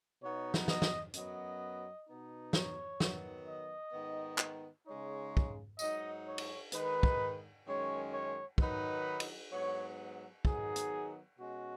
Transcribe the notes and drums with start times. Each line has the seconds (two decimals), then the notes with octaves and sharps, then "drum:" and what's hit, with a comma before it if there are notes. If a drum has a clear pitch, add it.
0.21 B2 B3 D#4 C#5
0.54 drum: snare
0.68 D#5, drum: snare
0.82 drum: snare
1.14 F#2 F#3 B3 D#5, drum: hi-hat
2.08 B2 B3 D#4
2.53 C#5, drum: snare
3.00 D#3 F#3 B3, drum: snare
3.46 D#5
3.93 G#2 D#3 B3 D#4
4.38 drum: clap
4.86 C#3 G#3 D#4 C#5
5.37 drum: kick
5.79 G#2 F#3 D#4 D#5, drum: tambourine
6.26 C#5
6.38 drum: cymbal
6.72 D#3 G#3 D#4 B4, drum: hi-hat
7.03 drum: kick
7.65 F#2 D#3 G#3 C#4 C#5
8.12 C#5
8.58 D#3 F#3 D#4 B4, drum: kick
9.20 drum: cymbal
9.51 G#2 F#3 B3 C#5
10.45 D#3 F#3 B3 D#4 G#4, drum: kick
10.76 drum: hi-hat
11.37 B2 G#3 C#4 F#4